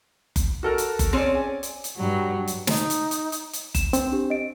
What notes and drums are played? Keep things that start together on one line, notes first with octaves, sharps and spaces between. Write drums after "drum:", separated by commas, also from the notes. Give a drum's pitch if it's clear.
drum: kick F#1, hi-hat
F#4 A4 A#4
drum: hi-hat
drum: kick F#1, hi-hat
C4 C#4 G#4 C#5 D5
G#5
drum: hi-hat
drum: hi-hat
G2 F#3
drum: hi-hat
D#4, drum: snare
drum: hi-hat
drum: hi-hat
drum: hi-hat
drum: hi-hat
E7, drum: kick F#1, hi-hat
C4, drum: hi-hat
D4 G4
D#5 D7